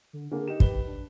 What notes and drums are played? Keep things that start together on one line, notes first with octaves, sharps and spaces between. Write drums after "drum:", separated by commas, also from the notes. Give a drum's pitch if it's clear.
D3
D3 A#3 G#4
D#4 G4 E7
B4 G7, drum: kick
D4